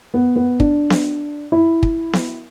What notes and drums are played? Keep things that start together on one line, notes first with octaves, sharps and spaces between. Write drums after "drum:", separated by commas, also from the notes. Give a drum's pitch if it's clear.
B3
B3
D4, drum: kick
drum: snare B3
E4
drum: kick
drum: snare B3